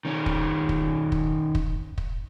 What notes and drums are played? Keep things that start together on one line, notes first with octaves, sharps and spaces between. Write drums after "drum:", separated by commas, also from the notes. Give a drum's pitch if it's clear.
D#3 C#4
drum: kick
drum: kick
drum: kick
drum: kick
drum: kick